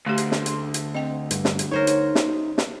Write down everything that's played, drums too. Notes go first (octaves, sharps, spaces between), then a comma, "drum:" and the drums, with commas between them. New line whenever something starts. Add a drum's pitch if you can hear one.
D2 A3 G4 C6
drum: hi-hat
drum: snare
drum: hi-hat
drum: hi-hat
C4 D#5 G5
G2, drum: hi-hat
drum: snare
drum: hi-hat
D#4 A#4 C5 C#5
drum: hi-hat
drum: snare
drum: snare